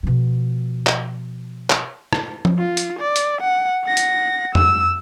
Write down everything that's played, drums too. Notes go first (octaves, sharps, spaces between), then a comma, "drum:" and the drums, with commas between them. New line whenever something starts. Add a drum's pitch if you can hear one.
B2 F3
drum: clap
drum: clap
drum: rim click
drum: tom F3
F4
drum: hi-hat
D5
drum: hi-hat
F#5
F#5 A#6
drum: hi-hat
E6, drum: tom